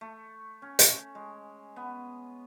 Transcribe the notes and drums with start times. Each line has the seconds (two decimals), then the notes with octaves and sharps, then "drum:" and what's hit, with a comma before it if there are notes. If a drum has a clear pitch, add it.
0.01 A3
0.62 C#4
0.79 A3, drum: hi-hat
1.15 G#3
1.76 B3